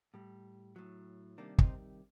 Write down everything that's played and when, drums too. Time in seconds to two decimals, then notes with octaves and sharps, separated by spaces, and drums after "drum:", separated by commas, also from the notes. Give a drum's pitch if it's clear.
0.14 A2 G3
0.76 A2 F#3
1.38 C3 D#3 G3 A#3 D4
1.58 C4 D#4, drum: kick